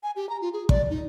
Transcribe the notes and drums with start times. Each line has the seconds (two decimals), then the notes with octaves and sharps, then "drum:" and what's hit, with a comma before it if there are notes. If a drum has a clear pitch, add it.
0.03 G#5
0.16 G4
0.29 A#5
0.42 F4
0.53 G#4
0.69 D5, drum: kick
0.90 D#4